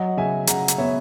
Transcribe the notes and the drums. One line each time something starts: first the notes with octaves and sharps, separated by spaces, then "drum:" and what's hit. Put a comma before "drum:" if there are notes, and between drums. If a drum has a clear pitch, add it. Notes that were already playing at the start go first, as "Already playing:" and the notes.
Already playing: F#3 D#5 F#5
C#3 E5 G#5
C#3 F#5 A#5, drum: hi-hat
drum: hi-hat
B3 C#5 E5